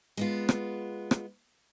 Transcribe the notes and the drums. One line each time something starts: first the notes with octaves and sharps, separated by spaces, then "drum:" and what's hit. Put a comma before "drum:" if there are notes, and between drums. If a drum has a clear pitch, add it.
G#3 B3 F4
drum: rim click
drum: rim click